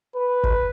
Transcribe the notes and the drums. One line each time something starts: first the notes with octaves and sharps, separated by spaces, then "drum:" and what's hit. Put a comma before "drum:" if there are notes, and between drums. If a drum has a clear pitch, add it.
B4
drum: kick G1